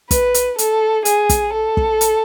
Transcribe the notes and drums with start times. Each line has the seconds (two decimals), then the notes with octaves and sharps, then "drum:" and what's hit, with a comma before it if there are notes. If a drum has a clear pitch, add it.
0.11 B4, drum: kick, hi-hat
0.34 drum: hi-hat
0.58 A4, drum: hi-hat
1.05 G#4, drum: hi-hat
1.29 drum: kick, hi-hat
1.53 A4
1.77 drum: kick
2.01 drum: hi-hat